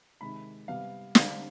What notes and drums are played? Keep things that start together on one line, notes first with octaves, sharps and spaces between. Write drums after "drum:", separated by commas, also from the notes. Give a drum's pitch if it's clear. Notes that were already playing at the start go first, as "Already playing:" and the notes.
C3 D#3 G#3 B5
C3 G3 B3 F5
D3 G3 C4 F5, drum: snare